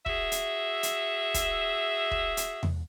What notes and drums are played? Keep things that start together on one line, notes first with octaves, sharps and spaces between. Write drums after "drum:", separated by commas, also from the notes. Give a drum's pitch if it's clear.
F#4 G#4 E5, drum: kick
drum: hi-hat
drum: hi-hat
drum: kick, hi-hat
drum: kick
drum: hi-hat
drum: tom E2